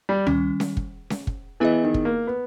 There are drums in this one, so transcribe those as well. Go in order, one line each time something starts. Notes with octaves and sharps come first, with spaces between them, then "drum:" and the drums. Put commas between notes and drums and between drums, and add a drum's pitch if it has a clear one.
G3
D#3 G3 C#4, drum: tom C#2
drum: snare C#4
drum: kick
drum: snare C#4
drum: kick
E3 B3 E4 G#4 D#5
D#3
drum: kick
A#3
B3